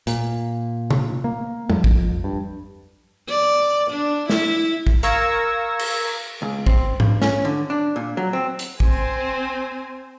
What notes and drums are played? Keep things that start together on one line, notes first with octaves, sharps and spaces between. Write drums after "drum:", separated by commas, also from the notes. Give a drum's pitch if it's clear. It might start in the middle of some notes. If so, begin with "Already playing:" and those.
A#2, drum: hi-hat
drum: tom C3
A#3
F2, drum: tom G3
drum: kick
G2
D5
D4
E4, drum: snare
drum: kick
A#4 F5 C#6 E6 G#6 A#6, drum: hi-hat
drum: cymbal
C#2
C4, drum: kick
G2, drum: tom G#2
C#4, drum: snare
D3
D4
A#2
F#3
C4
drum: hi-hat
C4 C5 G#5, drum: kick